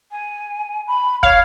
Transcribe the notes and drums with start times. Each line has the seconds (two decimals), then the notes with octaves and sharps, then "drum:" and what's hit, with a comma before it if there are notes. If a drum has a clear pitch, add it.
0.11 G#5
0.87 B5
1.23 C#5 F5, drum: kick